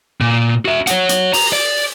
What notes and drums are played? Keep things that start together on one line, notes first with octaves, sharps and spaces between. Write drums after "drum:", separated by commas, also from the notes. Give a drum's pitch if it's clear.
A#2
F#4 E5
C#5 F#5, drum: hi-hat
drum: hi-hat
A#5, drum: open hi-hat
D5